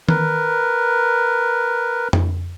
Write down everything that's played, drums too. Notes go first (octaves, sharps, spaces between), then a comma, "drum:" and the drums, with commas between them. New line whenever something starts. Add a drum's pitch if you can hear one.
A#4 B4, drum: tom D#3
drum: tom F2